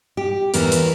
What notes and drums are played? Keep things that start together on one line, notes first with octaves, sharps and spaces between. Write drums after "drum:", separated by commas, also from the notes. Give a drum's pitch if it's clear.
G4
E2 E3 A#3 A#4, drum: hi-hat
drum: hi-hat